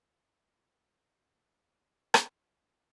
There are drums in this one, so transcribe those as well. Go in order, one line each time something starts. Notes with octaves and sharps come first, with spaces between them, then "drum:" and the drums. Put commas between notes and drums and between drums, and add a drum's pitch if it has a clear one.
D#4 G#4
D#2 B2 E3 F#4 F#5 F6
F#2
drum: rim click